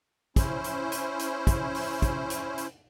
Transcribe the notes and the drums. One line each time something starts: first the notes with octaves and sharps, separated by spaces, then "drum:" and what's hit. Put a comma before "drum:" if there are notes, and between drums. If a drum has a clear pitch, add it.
C#4 E4 C5, drum: kick, hi-hat
drum: hi-hat
drum: hi-hat
drum: hi-hat
drum: kick, hi-hat
drum: open hi-hat
drum: kick, hi-hat
drum: hi-hat
drum: hi-hat